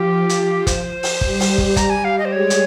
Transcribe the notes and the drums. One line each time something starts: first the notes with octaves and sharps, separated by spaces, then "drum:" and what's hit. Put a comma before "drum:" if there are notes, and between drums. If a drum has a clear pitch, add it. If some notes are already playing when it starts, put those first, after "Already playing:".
Already playing: F3 F4 G4
drum: hi-hat
C5, drum: kick, hi-hat
drum: open hi-hat
G3 G4, drum: kick
drum: open hi-hat
drum: kick
G3 G4 A#5, drum: kick, hi-hat
G#5
F5
D#5
C5
G#3 G#4 C#5
drum: hi-hat